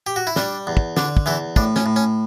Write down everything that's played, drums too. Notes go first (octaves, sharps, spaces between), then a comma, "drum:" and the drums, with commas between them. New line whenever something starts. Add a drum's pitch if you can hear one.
G4
F#4
E4
G3 D4, drum: snare
E2
drum: kick
D3 D4, drum: snare
drum: kick
E2 E3 E4
A2 D4, drum: kick
C#4, drum: snare
A2
C#4